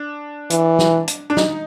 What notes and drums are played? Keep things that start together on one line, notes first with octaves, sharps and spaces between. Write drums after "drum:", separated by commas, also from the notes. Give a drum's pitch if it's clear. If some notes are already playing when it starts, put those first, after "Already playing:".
Already playing: D4
E3, drum: hi-hat
drum: snare
drum: hi-hat
D4
D#4, drum: snare